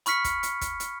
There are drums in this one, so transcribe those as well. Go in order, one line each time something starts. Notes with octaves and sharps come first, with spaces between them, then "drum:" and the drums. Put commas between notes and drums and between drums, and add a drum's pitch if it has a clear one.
B5 C#6 F6 B6 C#7, drum: hi-hat
drum: kick, hi-hat
drum: hi-hat
drum: kick, hi-hat
drum: hi-hat